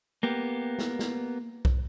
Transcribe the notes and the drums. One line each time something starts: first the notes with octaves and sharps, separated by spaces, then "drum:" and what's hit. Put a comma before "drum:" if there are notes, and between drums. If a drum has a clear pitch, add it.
A#3 B3 G4
drum: snare
drum: snare
drum: kick B1